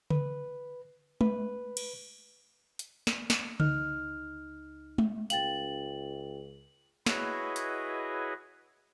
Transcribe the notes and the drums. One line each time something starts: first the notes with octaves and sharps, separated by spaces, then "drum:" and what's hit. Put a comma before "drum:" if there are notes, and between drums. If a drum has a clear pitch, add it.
B4, drum: tom C#3
B4, drum: tom G#3
drum: cymbal
drum: hi-hat
drum: snare
drum: snare
C#2 D#4 F6, drum: tom C#3
drum: tom G#3
C#2 F5 G5 A6 F#7, drum: hi-hat
E4 F#4 G#4 B4 C#5 D#5, drum: snare
drum: hi-hat